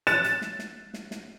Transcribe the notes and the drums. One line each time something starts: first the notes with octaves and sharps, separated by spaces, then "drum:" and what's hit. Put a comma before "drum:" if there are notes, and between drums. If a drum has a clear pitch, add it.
F#6 A6 E7, drum: hi-hat
drum: hi-hat
drum: snare
drum: snare
drum: snare
drum: snare